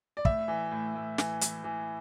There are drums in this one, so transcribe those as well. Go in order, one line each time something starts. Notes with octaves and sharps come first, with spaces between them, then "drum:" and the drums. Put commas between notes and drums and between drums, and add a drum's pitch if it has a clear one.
D5
A2 E5, drum: kick
E3
A2
A2
E3, drum: snare
E3, drum: hi-hat
E3